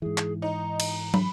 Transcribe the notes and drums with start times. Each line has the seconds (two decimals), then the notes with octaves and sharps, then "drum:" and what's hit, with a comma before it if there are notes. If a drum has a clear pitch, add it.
0.02 G#2 E3 G#4
0.18 drum: clap
0.42 D#4 A#5
0.80 drum: cymbal
1.14 B5, drum: tom